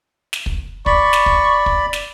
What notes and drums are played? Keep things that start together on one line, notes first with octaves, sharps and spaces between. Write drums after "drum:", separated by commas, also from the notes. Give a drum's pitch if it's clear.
drum: snare
drum: kick
D5 B5 C#6, drum: kick
drum: snare
drum: kick
drum: kick
drum: snare